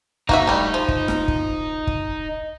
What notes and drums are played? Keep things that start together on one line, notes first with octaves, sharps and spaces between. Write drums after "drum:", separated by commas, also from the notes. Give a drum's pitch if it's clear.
A#3 D#4 F#4 E5, drum: kick
G3 A3
F3
drum: kick
drum: rim click
drum: kick
drum: kick